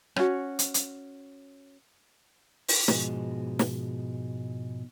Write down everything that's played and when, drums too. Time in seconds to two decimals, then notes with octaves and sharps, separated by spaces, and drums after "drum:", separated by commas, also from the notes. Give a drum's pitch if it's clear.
0.16 C#4 F#4, drum: rim click
0.59 drum: hi-hat
0.74 drum: hi-hat
2.68 drum: open hi-hat
2.88 G#2 B2 F3 G#3, drum: snare
3.59 drum: snare